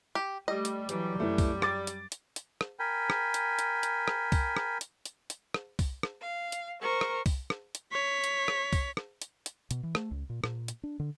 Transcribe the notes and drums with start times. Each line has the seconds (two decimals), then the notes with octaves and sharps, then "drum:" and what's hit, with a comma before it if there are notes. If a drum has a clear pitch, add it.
0.15 G4
0.48 G3 A3 D#5
0.65 drum: hi-hat
0.89 E3 F#3 G3, drum: hi-hat
1.20 F#2 E3 A3
1.38 drum: kick C2, open hi-hat
1.62 D6 A6, drum: rim click
1.87 drum: hi-hat
2.12 drum: hi-hat
2.36 drum: hi-hat
2.61 drum: rim click
2.79 A#4 G5 G#5 B5
3.10 drum: rim click
3.34 drum: hi-hat
3.59 drum: hi-hat
3.83 drum: hi-hat
4.08 drum: rim click
4.32 drum: kick C2, open hi-hat
4.57 drum: rim click
4.81 drum: hi-hat
5.05 drum: hi-hat
5.30 drum: hi-hat
5.54 drum: rim click
5.79 drum: kick C2, open hi-hat
6.03 drum: rim click
6.21 F5
6.52 drum: hi-hat
6.80 A#4 C5 C#6
7.01 drum: rim click
7.26 drum: kick C2, open hi-hat
7.50 drum: rim click
7.75 drum: hi-hat
7.93 C#5 B6
8.24 drum: hi-hat
8.48 drum: rim click
8.73 drum: kick C2, open hi-hat
8.97 drum: rim click
9.22 drum: hi-hat
9.46 drum: hi-hat
9.71 B2, drum: hi-hat
9.83 E3
9.95 A3, drum: rim click
10.11 C#2
10.30 A#2
10.44 A#2, drum: rim click
10.68 drum: hi-hat
10.83 D4
10.99 D3